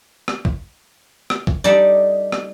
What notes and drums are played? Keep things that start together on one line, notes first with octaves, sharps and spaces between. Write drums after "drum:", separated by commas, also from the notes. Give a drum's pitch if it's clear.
drum: rim click
drum: kick
drum: rim click
drum: kick
G3 D#4 A4 D5
drum: rim click